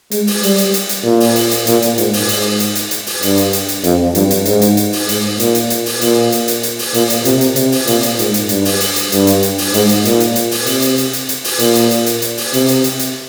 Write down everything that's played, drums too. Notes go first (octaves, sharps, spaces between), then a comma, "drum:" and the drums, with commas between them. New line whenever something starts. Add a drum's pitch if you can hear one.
G#3, drum: hi-hat
drum: open hi-hat
G3, drum: hi-hat
drum: hi-hat
drum: hi-hat
drum: hi-hat
A#2
drum: open hi-hat
drum: hi-hat
drum: hi-hat
A#2, drum: hi-hat
drum: hi-hat
G#2, drum: hi-hat
drum: open hi-hat
G#2, drum: hi-hat
drum: hi-hat
drum: hi-hat
drum: hi-hat
drum: open hi-hat
G2, drum: hi-hat
drum: hi-hat
drum: hi-hat
drum: hi-hat
F2, drum: hi-hat
G2, drum: hi-hat
drum: hi-hat
G#2, drum: hi-hat
drum: hi-hat
drum: hi-hat
drum: open hi-hat
G#2, drum: hi-hat
A#2, drum: hi-hat
drum: hi-hat
drum: hi-hat
drum: open hi-hat
A#2, drum: hi-hat
drum: hi-hat
drum: hi-hat
drum: hi-hat
drum: open hi-hat
A#2, drum: hi-hat
drum: hi-hat
C3, drum: hi-hat
drum: hi-hat
C3, drum: hi-hat
drum: open hi-hat
A#2, drum: hi-hat
drum: hi-hat
G#2, drum: hi-hat
drum: hi-hat
G2, drum: hi-hat
drum: open hi-hat
drum: hi-hat
drum: hi-hat
G2, drum: hi-hat
drum: hi-hat
drum: hi-hat
drum: open hi-hat
G#2, drum: hi-hat
drum: hi-hat
A#2, drum: hi-hat
drum: hi-hat
drum: hi-hat
drum: open hi-hat
C3, drum: hi-hat
drum: hi-hat
drum: hi-hat
drum: hi-hat
drum: hi-hat
drum: open hi-hat
A#2, drum: hi-hat
drum: hi-hat
drum: hi-hat
drum: hi-hat
drum: hi-hat
drum: open hi-hat
C3, drum: hi-hat
drum: hi-hat
drum: hi-hat
drum: hi-hat